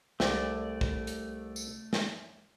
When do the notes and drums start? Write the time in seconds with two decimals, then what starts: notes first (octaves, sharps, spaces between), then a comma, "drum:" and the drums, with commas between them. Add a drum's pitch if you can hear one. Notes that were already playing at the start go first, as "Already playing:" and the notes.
0.20 C2 A3 D5, drum: snare
0.81 drum: kick
1.07 drum: hi-hat
1.56 drum: tambourine
1.93 drum: snare